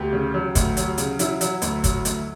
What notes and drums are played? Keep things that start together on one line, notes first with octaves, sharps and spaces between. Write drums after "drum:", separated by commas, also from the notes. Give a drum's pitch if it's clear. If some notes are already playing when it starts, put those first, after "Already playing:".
Already playing: D2 G4
C#3
F#3
D2, drum: kick G1, hi-hat
F#3, drum: hi-hat
C#3, drum: hi-hat
F#3 E4, drum: hi-hat
F#3, drum: hi-hat
D2, drum: hi-hat
F#3, drum: kick G1, hi-hat
D2, drum: hi-hat